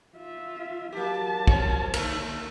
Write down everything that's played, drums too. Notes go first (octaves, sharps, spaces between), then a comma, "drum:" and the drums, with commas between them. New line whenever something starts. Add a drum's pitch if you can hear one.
F4 E5
F#3 A#3 G4 A5
A2 C4 C#5, drum: kick
D3 A3 A#3 D#4 A#4, drum: cymbal